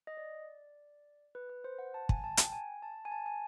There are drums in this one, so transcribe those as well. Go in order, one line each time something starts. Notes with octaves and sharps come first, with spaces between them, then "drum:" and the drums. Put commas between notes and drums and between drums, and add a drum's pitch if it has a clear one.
D#5
D5
B4
B4
C5
F#5
A5
G#5, drum: kick
A5
G5, drum: hi-hat
G#5
A5
G#5
A5
G#5